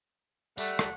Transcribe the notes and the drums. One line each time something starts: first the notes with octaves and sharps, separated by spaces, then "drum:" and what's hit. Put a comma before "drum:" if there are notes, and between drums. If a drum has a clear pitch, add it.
A3 G4 D5 F#5, drum: tambourine
drum: rim click